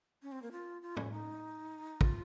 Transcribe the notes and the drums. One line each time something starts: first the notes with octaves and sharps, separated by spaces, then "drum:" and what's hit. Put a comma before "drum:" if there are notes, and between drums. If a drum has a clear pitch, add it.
C#4
C4
A#3
F4
F4
C#4, drum: tom
D#4
F4, drum: kick